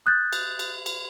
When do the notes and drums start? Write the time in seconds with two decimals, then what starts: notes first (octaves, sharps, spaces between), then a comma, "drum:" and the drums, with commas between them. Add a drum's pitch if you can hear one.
0.06 D#6 F#6 G6 A6
0.33 drum: cymbal
0.59 drum: cymbal
0.86 drum: cymbal